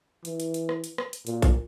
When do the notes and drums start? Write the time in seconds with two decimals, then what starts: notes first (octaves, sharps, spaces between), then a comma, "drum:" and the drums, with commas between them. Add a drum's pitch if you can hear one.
0.25 E3, drum: hi-hat
0.40 drum: hi-hat
0.54 drum: hi-hat
0.69 drum: rim click
0.84 drum: hi-hat
0.98 drum: rim click
1.13 drum: hi-hat
1.27 A#2, drum: hi-hat
1.42 drum: kick A#1, hi-hat